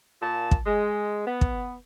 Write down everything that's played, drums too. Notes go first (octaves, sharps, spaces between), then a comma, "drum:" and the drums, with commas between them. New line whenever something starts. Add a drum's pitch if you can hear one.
A#2 A5
drum: kick
G#3
B3
drum: kick